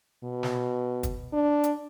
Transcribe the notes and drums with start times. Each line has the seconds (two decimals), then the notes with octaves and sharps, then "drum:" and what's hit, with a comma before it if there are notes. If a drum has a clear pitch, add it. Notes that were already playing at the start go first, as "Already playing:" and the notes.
0.24 B2
0.43 drum: snare
1.03 drum: kick, hi-hat
1.33 D4
1.64 drum: hi-hat